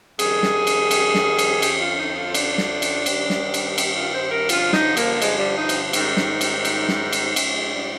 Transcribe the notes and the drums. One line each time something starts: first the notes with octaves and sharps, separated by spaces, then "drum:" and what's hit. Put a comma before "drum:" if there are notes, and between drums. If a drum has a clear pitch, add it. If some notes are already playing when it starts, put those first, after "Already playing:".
F2 D#3 G3 G#4, drum: cymbal
drum: snare
drum: cymbal
drum: cymbal
drum: snare
drum: cymbal
F2 D3 F3 G4, drum: cymbal
F4
D#4
F4
C4
D4, drum: cymbal
drum: snare
drum: cymbal
G2 D#3 G3, drum: cymbal
drum: snare
drum: cymbal
drum: cymbal
F4
C5
A#4
G2 D3 F3 F4, drum: cymbal
D#4, drum: snare
A#3, drum: cymbal
G#3, drum: cymbal
G3
D#4
drum: cymbal
G#2 D#3 G3, drum: cymbal
drum: snare
drum: cymbal
drum: cymbal
drum: snare
drum: cymbal
G#2 F3, drum: cymbal
G#3
G3